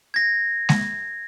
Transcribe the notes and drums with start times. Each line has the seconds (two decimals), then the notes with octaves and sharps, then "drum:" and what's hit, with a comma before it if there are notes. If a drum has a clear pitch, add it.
0.14 G#6 A#6
0.69 drum: snare G#3